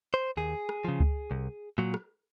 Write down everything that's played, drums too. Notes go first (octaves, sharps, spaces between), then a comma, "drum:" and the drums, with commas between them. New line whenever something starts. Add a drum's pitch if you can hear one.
C5
D#2 G#4
drum: rim click
C#3 F3
drum: kick C#2
C2
A#2 F#3
drum: rim click